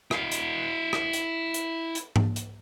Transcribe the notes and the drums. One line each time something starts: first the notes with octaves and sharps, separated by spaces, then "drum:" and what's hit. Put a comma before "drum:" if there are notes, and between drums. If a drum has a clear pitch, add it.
E4 F5, drum: rim click
drum: hi-hat
drum: rim click
drum: hi-hat
drum: hi-hat
drum: hi-hat
drum: tom G#2
drum: hi-hat